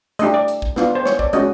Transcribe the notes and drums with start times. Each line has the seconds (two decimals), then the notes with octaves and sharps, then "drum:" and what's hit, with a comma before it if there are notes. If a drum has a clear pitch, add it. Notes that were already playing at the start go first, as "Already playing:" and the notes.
0.19 A3 D4 G4 D#5, drum: hi-hat
0.34 D5
0.48 drum: hi-hat
0.62 drum: kick
0.76 B3 D4 F4, drum: snare
0.95 C5
1.05 C#5, drum: snare
1.19 D5, drum: kick
1.33 G#3 C#4 F#4 D#5, drum: hi-hat